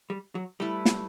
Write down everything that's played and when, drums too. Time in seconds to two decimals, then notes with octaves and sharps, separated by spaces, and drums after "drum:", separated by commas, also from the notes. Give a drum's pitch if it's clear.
0.10 G3
0.35 F#3
0.60 G3 A3 E4 B4
0.85 drum: snare